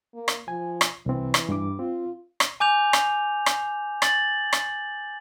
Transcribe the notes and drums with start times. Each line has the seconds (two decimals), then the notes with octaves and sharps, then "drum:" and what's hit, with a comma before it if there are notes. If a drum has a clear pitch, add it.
0.14 A#3
0.28 drum: rim click
0.48 F3 G#5
0.81 drum: rim click
1.06 C2 E3 C4
1.34 drum: rim click
1.49 G2 G3 D6
1.79 C4 F4
2.40 drum: rim click
2.60 G#5 D6 G6 F7
2.93 drum: rim click
3.46 drum: rim click
4.02 A6 F#7, drum: rim click
4.53 drum: rim click